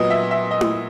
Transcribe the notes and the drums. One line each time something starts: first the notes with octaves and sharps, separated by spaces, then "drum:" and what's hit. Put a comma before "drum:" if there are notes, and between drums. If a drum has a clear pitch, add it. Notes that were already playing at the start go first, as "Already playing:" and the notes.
Already playing: A#2 F#3 B3 D#5
E5
E5
D#5
drum: tom E4